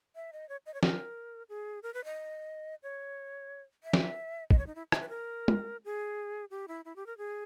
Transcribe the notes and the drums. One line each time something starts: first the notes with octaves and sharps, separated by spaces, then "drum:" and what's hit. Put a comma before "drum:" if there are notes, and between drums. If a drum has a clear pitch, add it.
E5
D#5
C#5
D#5
C#5
A#4, drum: snare
G#4
A#4
B4
D#5
C#5
E5
drum: snare
D#5, drum: kick
C#5
D#4
E4
D#5, drum: rim click
B4
A#4
drum: tom
G#4
G4
E4
E4
G4
A#4
G#4